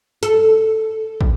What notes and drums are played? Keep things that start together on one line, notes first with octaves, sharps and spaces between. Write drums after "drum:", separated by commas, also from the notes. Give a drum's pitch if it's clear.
A4, drum: hi-hat
drum: kick